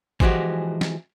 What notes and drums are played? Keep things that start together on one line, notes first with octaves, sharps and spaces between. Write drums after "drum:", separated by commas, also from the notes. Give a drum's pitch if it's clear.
E3 F3 G#3 F#4 G4, drum: kick G#1
drum: snare